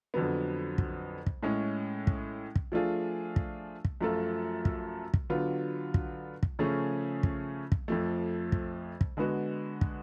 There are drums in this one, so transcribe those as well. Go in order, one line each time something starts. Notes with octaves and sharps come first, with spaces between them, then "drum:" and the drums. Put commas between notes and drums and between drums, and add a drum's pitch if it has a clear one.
F2 D3 F#3 B3
drum: kick
drum: kick
A2 G#3 C#4
drum: kick
drum: kick
F3 A3 D4 F4 G#4
drum: kick
drum: kick
F#2 F3 A3 F4 A4
drum: kick
drum: kick
D3 F#3 B3 F4
drum: kick
drum: kick
C#3 F3 A3 C#4 G#4
drum: kick
drum: kick
F2 F3 A3
drum: kick
drum: kick
D3 G#3 B3 F#4
drum: kick